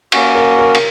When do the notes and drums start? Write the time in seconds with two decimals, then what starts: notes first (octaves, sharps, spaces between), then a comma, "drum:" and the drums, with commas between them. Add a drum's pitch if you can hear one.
0.12 A#3 C#4 F#4, drum: cymbal
0.35 A#4
0.59 A#4
0.75 drum: cymbal